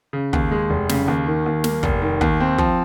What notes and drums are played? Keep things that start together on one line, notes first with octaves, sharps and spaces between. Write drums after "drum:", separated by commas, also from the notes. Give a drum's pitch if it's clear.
C#3
D#2, drum: kick
G#3
F1
C#3, drum: snare
D#2
D#3
D#2
A#3, drum: snare
F1, drum: kick
D#3
D#2, drum: kick
C4
F3, drum: kick